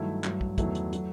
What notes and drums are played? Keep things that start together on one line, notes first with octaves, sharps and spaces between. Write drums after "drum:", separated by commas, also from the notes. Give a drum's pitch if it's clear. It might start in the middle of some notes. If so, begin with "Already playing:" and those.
Already playing: G2 D#3 F#3 A3 E4
G2 F#3 A3, drum: clap
drum: kick
E2 D#3 F#3 A3 E4, drum: kick, hi-hat
drum: hi-hat
F#3 A3, drum: hi-hat